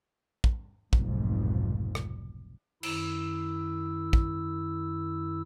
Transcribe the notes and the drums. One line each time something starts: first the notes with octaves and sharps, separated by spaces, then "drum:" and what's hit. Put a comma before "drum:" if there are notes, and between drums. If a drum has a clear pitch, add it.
drum: kick
F1 B1 F2 G#2, drum: kick
drum: rim click
F#2 D#3 E4 E6, drum: cymbal
drum: kick